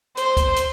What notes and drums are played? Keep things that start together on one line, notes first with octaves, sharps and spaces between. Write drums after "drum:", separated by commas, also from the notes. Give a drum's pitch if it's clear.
C5, drum: hi-hat
drum: kick, hi-hat
drum: hi-hat